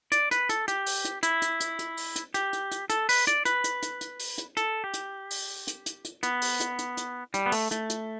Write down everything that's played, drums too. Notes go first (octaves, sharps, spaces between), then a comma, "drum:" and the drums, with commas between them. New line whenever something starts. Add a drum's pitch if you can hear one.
D5, drum: hi-hat
B4, drum: hi-hat
A4, drum: hi-hat
G4, drum: hi-hat
drum: open hi-hat
drum: hi-hat
E4, drum: hi-hat
drum: hi-hat
drum: hi-hat
drum: hi-hat
drum: open hi-hat
drum: hi-hat
G4, drum: hi-hat
drum: hi-hat
drum: hi-hat
A4, drum: hi-hat
B4, drum: open hi-hat
D5, drum: hi-hat
B4, drum: hi-hat
drum: hi-hat
drum: hi-hat
drum: hi-hat
drum: open hi-hat
drum: hi-hat
A4, drum: hi-hat
G4
drum: hi-hat
drum: open hi-hat
drum: hi-hat
drum: hi-hat
drum: hi-hat
B3, drum: hi-hat
drum: open hi-hat
drum: hi-hat
drum: hi-hat
drum: hi-hat
G3, drum: hi-hat
B3
A3, drum: open hi-hat
A3, drum: hi-hat
drum: hi-hat